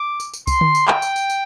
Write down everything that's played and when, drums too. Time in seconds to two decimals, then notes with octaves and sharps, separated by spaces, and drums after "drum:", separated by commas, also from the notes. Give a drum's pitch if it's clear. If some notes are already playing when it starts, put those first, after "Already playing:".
Already playing: D6
0.20 drum: tambourine
0.34 drum: tambourine
0.47 C6, drum: kick C2, tambourine
0.61 drum: tom D3
0.75 drum: tambourine
0.88 G5, drum: clap
1.02 drum: tambourine
1.16 drum: tambourine
1.30 drum: tambourine